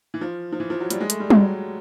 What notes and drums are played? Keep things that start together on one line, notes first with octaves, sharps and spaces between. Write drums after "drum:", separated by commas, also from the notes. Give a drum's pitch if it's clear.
E3
F3
F3
E3
F3
F#3
G3, drum: hi-hat
G#3
A3, drum: hi-hat
G3
F#3, drum: tom G3